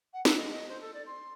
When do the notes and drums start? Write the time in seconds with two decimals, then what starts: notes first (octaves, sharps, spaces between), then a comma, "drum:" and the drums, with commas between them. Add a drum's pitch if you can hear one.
0.13 F#5
0.25 A4, drum: snare
0.37 D#5
0.50 D#5
0.68 C5
0.81 A4
0.94 D5
1.06 C6